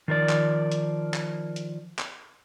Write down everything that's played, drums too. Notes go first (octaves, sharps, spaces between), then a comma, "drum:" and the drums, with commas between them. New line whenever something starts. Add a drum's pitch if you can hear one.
D#3 F3 A#4 D5
drum: clap
drum: hi-hat
drum: clap
drum: hi-hat
drum: clap